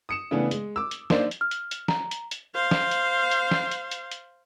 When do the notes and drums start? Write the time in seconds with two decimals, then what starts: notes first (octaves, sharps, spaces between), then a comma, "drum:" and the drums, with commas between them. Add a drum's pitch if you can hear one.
0.09 D#6 C#7 E7
0.31 C#3 E3 A3 B3 D4 G#4
0.51 G#3, drum: hi-hat
0.76 D6 E6
0.91 drum: hi-hat
1.10 A#3 D4 D#4 C5 D5, drum: snare
1.31 drum: hi-hat
1.41 F6
1.51 drum: hi-hat
1.71 drum: hi-hat
1.88 A#5, drum: snare
2.11 drum: hi-hat
2.31 drum: hi-hat
2.55 C5 F5
2.71 drum: snare
2.91 drum: hi-hat
3.31 drum: hi-hat
3.51 drum: snare
3.71 drum: hi-hat
3.91 drum: hi-hat
4.11 drum: hi-hat